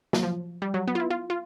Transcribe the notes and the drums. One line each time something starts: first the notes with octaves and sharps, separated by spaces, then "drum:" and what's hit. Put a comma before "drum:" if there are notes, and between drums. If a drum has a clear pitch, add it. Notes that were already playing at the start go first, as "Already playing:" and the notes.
F#3, drum: snare
F3
G3
F#3
B3
F4
E4
F4
F4